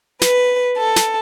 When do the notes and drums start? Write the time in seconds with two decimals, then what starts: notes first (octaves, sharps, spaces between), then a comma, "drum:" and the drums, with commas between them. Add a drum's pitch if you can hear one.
0.21 B4, drum: snare
0.77 A4
0.96 drum: snare